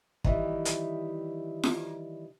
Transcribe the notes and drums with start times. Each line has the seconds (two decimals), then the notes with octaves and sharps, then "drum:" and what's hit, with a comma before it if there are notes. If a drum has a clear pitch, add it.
0.24 D#3 E3 G3, drum: kick
0.65 drum: hi-hat
1.63 drum: snare F4